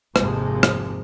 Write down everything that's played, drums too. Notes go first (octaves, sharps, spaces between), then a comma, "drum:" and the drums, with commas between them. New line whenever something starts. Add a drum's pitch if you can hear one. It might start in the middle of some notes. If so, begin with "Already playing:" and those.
G#1 F2 C3 G#3 A#3, drum: rim click
drum: rim click